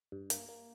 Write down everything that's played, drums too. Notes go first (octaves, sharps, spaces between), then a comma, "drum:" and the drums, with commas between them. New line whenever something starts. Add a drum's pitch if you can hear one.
G2
A#3, drum: hi-hat
A#3